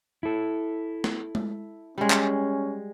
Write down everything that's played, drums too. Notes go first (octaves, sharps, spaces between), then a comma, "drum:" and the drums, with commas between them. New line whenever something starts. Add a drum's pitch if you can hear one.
E4 A4
drum: snare
drum: tom G#3
G3 G#3 C#4
drum: clap